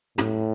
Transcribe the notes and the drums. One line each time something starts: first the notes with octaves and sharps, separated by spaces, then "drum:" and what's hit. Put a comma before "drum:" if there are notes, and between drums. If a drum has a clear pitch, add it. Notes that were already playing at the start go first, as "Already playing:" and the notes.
A2, drum: tom